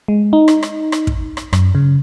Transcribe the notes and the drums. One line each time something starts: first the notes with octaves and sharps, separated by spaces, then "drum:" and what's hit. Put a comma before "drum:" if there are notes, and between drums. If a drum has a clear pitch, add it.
G#3
D#4
drum: rim click
drum: rim click
drum: rim click
drum: kick
drum: rim click
F#2, drum: rim click
C#3